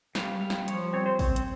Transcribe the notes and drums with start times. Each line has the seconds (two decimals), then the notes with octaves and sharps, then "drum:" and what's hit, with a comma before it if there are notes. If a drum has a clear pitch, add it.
0.15 G3 F5, drum: snare
0.41 G3 F5
0.50 drum: snare
0.68 F3 C#5, drum: hi-hat
0.93 C4 C#5
1.06 C5
1.19 C4, drum: kick A1, open hi-hat
1.36 drum: hi-hat